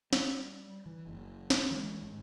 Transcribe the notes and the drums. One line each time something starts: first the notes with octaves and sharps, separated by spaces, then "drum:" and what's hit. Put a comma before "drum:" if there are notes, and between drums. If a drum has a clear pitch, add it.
G3, drum: snare
E3
F#1
drum: snare
E3 G#3 A3 C#4
G#1 G#2